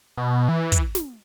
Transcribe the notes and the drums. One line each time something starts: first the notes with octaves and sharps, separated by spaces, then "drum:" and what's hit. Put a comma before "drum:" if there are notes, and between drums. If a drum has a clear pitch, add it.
B2
E3
drum: kick, hi-hat
drum: snare